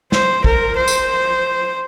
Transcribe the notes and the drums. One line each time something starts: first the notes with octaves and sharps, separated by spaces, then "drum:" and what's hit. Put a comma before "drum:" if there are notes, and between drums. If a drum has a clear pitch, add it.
C5, drum: snare
A#4, drum: kick
C5
drum: tambourine